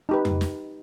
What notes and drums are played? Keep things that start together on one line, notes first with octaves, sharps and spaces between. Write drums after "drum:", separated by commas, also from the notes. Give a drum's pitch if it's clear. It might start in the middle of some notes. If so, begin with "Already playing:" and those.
D#4 G4 B4
drum: tom F2
drum: snare